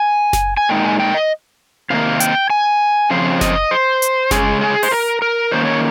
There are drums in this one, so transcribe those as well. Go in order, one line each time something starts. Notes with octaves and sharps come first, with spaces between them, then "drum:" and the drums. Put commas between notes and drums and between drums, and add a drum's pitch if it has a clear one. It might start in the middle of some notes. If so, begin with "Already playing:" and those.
Already playing: G#5
drum: snare F#1
G#5
A#2 G#3 D#4 G5
G#5
G5
D#5
C3 D#3 A#3 F5
G5, drum: hi-hat
G#5
C#3 F3 C4 F5
D#5, drum: snare F#1
C5
drum: hi-hat
C#3 F3 G#3 C#4 G#4, drum: snare F#1
G#4
C5, drum: open hi-hat
A#4
A#4
D#3 A#3 C#4 C5
C#5